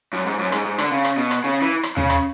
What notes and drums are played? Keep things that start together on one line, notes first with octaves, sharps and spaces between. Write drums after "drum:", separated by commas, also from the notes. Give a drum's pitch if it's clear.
F#2
G#2
F#2
G#2, drum: rim click
G#2
D3, drum: rim click
C#3
drum: rim click
B2
drum: rim click
C#3
E3
drum: rim click
C#3, drum: tom D#2
drum: rim click